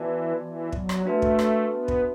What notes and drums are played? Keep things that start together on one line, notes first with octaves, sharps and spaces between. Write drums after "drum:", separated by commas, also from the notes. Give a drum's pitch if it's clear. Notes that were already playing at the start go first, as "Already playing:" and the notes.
Already playing: E3 B3 F#4 D5 A5
E3
F#3, drum: kick
drum: rim click
A3 D4 F#4 B4 E5 A5
drum: kick
drum: rim click
B3
drum: kick